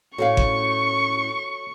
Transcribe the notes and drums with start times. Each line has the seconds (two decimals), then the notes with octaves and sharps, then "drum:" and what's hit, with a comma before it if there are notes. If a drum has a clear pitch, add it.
0.18 A2 C#4 F#4 A4 C#5 F5 C#6
0.37 drum: kick G1